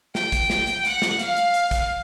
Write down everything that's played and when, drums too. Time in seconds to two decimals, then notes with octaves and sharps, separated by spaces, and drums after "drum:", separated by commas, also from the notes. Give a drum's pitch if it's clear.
0.15 G5, drum: snare
0.32 drum: kick, hi-hat
0.50 drum: snare
0.67 drum: hi-hat
0.85 F#5, drum: hi-hat
1.02 drum: snare
1.19 F5, drum: hi-hat
1.37 drum: hi-hat
1.54 drum: hi-hat
1.71 drum: kick, hi-hat